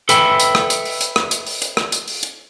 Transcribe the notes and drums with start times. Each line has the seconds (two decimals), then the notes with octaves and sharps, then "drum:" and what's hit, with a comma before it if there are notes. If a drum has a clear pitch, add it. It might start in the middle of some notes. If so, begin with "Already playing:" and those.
0.09 A4 B4 E5 G5 B5, drum: hi-hat
0.40 drum: hi-hat
0.55 drum: rim click
0.70 drum: hi-hat
0.85 drum: open hi-hat
1.01 drum: hi-hat
1.16 drum: rim click
1.31 drum: hi-hat
1.46 drum: open hi-hat
1.62 drum: hi-hat
1.77 drum: rim click
1.92 drum: hi-hat
2.08 drum: open hi-hat
2.23 drum: hi-hat